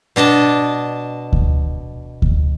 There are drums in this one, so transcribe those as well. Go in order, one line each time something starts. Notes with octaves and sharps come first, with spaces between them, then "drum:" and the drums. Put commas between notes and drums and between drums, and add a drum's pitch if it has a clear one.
B2 D4 D#5 A5
drum: kick D2
drum: kick D2